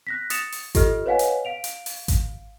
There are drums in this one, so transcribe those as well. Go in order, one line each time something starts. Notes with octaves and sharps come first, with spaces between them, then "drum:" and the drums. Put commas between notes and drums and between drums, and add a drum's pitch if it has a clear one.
F#6 A#6 B6
D#6 A6 C#7 E7 F7, drum: hi-hat
drum: open hi-hat
F4 G4 A4 D#5 F6, drum: kick G#1, hi-hat
B4 C#5 D#5 F5 F#5 G#5
drum: hi-hat
F5 D7 F7
drum: hi-hat
drum: open hi-hat
drum: kick G#1, hi-hat